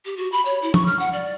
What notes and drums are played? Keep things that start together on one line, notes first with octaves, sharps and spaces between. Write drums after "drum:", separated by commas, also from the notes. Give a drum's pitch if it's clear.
G4
F#4
B5
C#5
E4
C#6, drum: tom
F6
F#5
D5